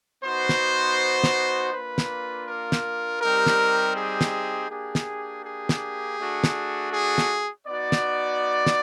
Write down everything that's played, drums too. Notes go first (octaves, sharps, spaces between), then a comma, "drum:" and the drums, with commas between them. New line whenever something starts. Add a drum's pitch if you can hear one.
B3 D#4 F#4 C5
drum: snare
drum: snare
A#3 D4 F4 B4
drum: snare
A#4
drum: snare
G3 C4 D#4 G4 A#4
drum: snare
G#4
drum: snare
A#3 D4 G4 G#4
drum: snare
G#4
drum: snare
A3 D4 F#4
drum: snare
G#4
drum: snare
B3 D#4 F#4 D5
drum: snare
drum: snare